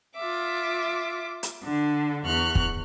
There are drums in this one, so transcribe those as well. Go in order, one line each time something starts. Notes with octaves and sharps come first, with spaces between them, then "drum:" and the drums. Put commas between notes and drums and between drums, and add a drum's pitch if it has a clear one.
F4 E5 D6
drum: hi-hat
D3 D4
E2 C#6 F6 F#6
drum: kick